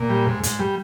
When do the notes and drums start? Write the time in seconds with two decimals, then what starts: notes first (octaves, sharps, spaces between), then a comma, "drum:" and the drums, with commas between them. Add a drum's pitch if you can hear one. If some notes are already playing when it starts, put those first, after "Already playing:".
Already playing: A#2
0.10 G3
0.27 G#2
0.43 G#2, drum: hi-hat
0.59 G3